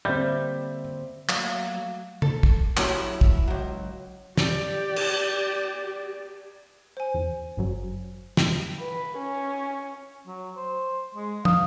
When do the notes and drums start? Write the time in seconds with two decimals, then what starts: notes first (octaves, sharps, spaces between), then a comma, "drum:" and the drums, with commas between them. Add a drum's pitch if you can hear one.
0.05 D3 G3 A#3 C4 C5 E5 G6
1.29 F#3 A3 A#3 F5, drum: clap
2.22 A4, drum: tom C#3
2.43 drum: kick
2.77 F#3 C#4 D#4 E4 G4 A4, drum: clap
3.21 drum: kick
3.47 C#2 F#3
4.37 G4 D5, drum: snare
4.96 drum: cymbal
6.97 C5 G#5
7.14 E2
7.57 G1 F#2 F#3
8.37 G5, drum: snare
8.80 B4
9.18 C#4
10.27 F#3
10.57 C5
11.15 G#3
11.45 F5 D#6, drum: tom